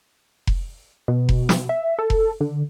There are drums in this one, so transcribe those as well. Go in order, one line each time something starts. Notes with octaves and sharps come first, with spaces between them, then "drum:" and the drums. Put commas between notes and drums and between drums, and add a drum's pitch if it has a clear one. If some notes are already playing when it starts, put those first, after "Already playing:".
drum: kick F1
B2
drum: kick F1
drum: snare
E5
A4
drum: kick F1
D3